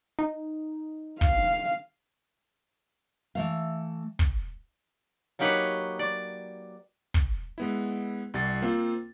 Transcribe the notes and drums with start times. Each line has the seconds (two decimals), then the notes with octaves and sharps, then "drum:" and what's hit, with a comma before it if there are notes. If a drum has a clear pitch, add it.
0.19 D#4
1.21 F5, drum: kick
3.35 E3 A3 F5
4.19 drum: kick
5.39 F#3 A#3 D#4 G4 B4 C#5
5.99 D5
7.14 drum: kick
7.58 G#3 B3 E4
8.34 C2 G3 A6
8.62 A#3 C4 F4